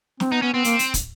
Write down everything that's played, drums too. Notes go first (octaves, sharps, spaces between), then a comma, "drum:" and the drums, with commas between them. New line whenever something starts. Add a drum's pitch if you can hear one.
C4, drum: snare
B3 D#4
B3 C#4
B3 C4
A#3, drum: hi-hat
drum: hi-hat
drum: kick, hi-hat